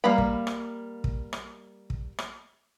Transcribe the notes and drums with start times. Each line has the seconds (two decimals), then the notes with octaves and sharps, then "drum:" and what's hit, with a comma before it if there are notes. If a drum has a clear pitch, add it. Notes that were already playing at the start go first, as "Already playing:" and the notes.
0.04 G3 A#3 F5 A#5 B5
0.18 drum: kick
0.47 drum: rim click
1.04 drum: kick
1.33 drum: rim click
1.90 drum: kick
2.19 drum: rim click